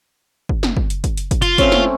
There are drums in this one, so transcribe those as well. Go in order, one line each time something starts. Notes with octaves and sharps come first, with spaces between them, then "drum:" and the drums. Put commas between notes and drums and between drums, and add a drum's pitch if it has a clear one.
drum: kick
drum: snare
drum: kick
drum: hi-hat
drum: kick, hi-hat
drum: hi-hat
drum: kick, hi-hat
F4, drum: hi-hat
A3 C4 C#4, drum: kick, hi-hat
drum: snare